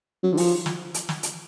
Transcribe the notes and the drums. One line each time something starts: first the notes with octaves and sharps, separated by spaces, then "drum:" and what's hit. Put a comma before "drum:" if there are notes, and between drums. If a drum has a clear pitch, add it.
F#3
D3
F3, drum: open hi-hat
drum: snare
drum: hi-hat
drum: snare
drum: hi-hat